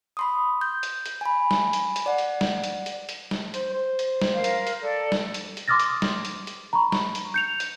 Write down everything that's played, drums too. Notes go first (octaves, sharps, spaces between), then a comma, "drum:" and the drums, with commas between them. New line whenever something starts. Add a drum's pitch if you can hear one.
B5 C6 D#6
G6
drum: hi-hat
drum: hi-hat
G#5 B5
drum: snare
drum: hi-hat
drum: hi-hat
D5 F#5
drum: hi-hat
drum: snare
drum: hi-hat
drum: hi-hat
drum: hi-hat
drum: snare
C5, drum: hi-hat
C5
drum: hi-hat
drum: snare
A#4 F5
drum: hi-hat
drum: hi-hat
A4 D5
drum: snare
drum: hi-hat
drum: hi-hat
C6 D6 D#6 F6 A6 A#6
drum: hi-hat
drum: snare
drum: hi-hat
drum: hi-hat
A#5 B5 C#6
drum: snare
drum: hi-hat
G6 C#7 F7
drum: hi-hat